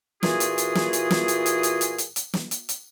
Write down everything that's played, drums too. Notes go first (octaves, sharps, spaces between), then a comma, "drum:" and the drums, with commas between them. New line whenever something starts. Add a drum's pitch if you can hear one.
A#2 E3 F4 F#4 G#4, drum: snare
drum: hi-hat
drum: hi-hat
drum: snare
drum: hi-hat
drum: snare
drum: hi-hat
drum: hi-hat
drum: hi-hat
drum: hi-hat
drum: hi-hat
drum: hi-hat
drum: snare
drum: hi-hat
drum: hi-hat